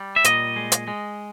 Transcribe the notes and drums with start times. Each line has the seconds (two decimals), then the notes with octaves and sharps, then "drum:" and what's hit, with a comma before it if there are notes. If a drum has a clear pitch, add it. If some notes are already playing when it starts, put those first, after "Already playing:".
Already playing: G3
0.16 E5
0.24 A#2 D#5, drum: hi-hat
0.56 G#3
0.72 drum: hi-hat
0.88 G#3